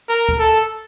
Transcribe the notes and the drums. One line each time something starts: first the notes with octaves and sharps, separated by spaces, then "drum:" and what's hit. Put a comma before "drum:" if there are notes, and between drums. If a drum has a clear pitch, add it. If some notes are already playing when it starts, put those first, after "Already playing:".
A#4
drum: kick D2
A4